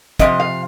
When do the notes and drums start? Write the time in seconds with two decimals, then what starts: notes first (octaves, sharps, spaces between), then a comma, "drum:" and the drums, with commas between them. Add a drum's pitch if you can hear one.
0.20 C3 F3 D#5, drum: kick, hi-hat
0.40 F5